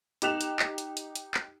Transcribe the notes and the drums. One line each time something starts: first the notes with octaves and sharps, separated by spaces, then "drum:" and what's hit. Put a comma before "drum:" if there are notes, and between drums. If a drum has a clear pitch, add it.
D#4 G4 D6 F#6 E7 F7, drum: hi-hat
drum: hi-hat
drum: clap
drum: hi-hat
drum: hi-hat
drum: hi-hat
drum: clap